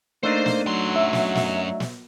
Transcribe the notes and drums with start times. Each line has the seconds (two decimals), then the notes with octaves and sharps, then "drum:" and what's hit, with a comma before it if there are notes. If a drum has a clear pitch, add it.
0.23 A3 A#3 D4 D#4 C5
0.46 drum: snare
0.66 F#2 F#3 C6
0.96 E5
1.13 drum: snare
1.35 drum: snare
1.80 drum: snare